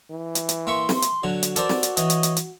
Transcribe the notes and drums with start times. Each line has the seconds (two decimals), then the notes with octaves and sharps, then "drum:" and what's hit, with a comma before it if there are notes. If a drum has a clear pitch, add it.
0.10 E3
0.35 drum: hi-hat
0.49 drum: hi-hat
0.67 A#3 E5 C6 C#6
0.89 drum: snare
1.02 drum: hi-hat
1.23 D3 F#3 F#4
1.43 drum: hi-hat
1.56 A4 A#4 C5 D5, drum: hi-hat
1.69 drum: snare
1.83 drum: hi-hat
1.97 E3 C#5 D#5, drum: hi-hat
2.10 drum: hi-hat
2.23 drum: hi-hat
2.37 drum: hi-hat